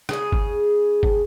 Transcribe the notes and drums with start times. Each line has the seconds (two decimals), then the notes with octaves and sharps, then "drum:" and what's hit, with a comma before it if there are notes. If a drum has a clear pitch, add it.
0.09 C#3 G#4, drum: rim click
0.32 drum: kick G1
1.03 drum: kick G1